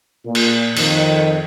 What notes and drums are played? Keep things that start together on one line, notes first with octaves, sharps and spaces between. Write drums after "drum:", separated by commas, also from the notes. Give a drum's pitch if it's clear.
A#2
drum: cymbal
F2 D#3, drum: cymbal